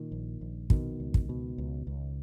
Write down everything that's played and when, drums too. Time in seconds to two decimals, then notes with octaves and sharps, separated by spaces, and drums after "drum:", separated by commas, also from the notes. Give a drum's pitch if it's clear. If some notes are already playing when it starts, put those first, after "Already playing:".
Already playing: A#2 D#3
0.12 A#1
0.41 A#1
0.70 B2 D#3, drum: kick
1.00 C#2
1.14 drum: kick
1.29 B2
1.58 C#2
1.87 C#2